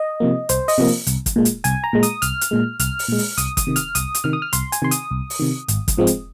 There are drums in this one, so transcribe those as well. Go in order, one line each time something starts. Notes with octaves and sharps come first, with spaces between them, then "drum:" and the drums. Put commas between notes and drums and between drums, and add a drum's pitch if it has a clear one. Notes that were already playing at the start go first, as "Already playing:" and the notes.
Already playing: D#5
C3 F3 A#3
C2 C5, drum: hi-hat
D#5, drum: open hi-hat
C3 F3 A#3
drum: open hi-hat
C2, drum: hi-hat
drum: kick, hi-hat
A#2 G#3
drum: hi-hat
C2 G#5, drum: hi-hat
A#5
A#2 G#3
D#6, drum: hi-hat
C2 F6, drum: hi-hat
drum: hi-hat
A#2 G#3
C2 F6, drum: hi-hat
drum: open hi-hat
A#2 G#3
drum: open hi-hat
C2 D#6, drum: hi-hat
D#6, drum: kick, hi-hat
C3 D#3
F6, drum: hi-hat
C2 D#6, drum: hi-hat
drum: hi-hat
C3 D#3 F6
D#6
F6
C2 C6, drum: hi-hat
G#5, drum: hi-hat
C3 D#3 C6
D#6, drum: hi-hat
C2
drum: open hi-hat
C3 D#3
G#1, drum: hi-hat
drum: kick, hi-hat
G#2 F3 G#3 C4
drum: hi-hat